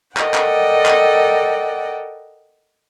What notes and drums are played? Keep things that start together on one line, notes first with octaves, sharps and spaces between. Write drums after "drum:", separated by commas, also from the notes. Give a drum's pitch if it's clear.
A4 A#4 D5 D#5 F#5 G5, drum: clap
drum: clap
drum: clap